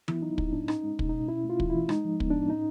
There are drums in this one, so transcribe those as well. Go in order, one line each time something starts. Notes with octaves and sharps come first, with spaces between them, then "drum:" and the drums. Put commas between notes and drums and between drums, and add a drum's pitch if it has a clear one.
B3 E4, drum: tom E3
F#3 D#4
A2 D#4, drum: kick
A2 D4
C#4 D#4, drum: rim click
G#3
B2, drum: kick
B2 D#4
C#4 E4
A3
F4
E3, drum: kick
E4
E3
G#3 D#4, drum: rim click
F3
B3, drum: kick
A2 D4
C#4 D#4